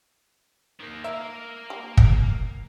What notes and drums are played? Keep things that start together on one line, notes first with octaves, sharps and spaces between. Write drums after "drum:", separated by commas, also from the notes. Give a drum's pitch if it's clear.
D#3 A#3
A#3 A#4 E5
G4
drum: kick